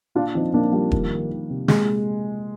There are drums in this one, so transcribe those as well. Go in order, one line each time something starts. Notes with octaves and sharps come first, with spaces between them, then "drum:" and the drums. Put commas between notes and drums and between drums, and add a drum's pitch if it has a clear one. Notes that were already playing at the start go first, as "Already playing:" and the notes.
A#2 D4 F4
F3 C4 D#4
A#2 A#3 D4
F3 G3 A#3
D#3, drum: kick E1
D#3
D#3
C3
A#2 G#3, drum: snare